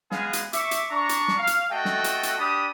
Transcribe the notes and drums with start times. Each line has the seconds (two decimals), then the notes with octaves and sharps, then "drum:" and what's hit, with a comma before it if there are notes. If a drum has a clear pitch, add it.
0.11 G#3 B3 G#4 F5, drum: snare
0.33 drum: hi-hat
0.53 E5 C#6 D6, drum: hi-hat
0.71 drum: hi-hat
0.90 D4 A#5 C#6
1.09 drum: hi-hat
1.28 drum: snare
1.37 F5
1.47 drum: hi-hat
1.71 A3 F#4 A4 D#5 G5 A5
1.85 drum: snare
2.04 drum: hi-hat
2.23 drum: hi-hat
2.39 D4 G4 B5 D#6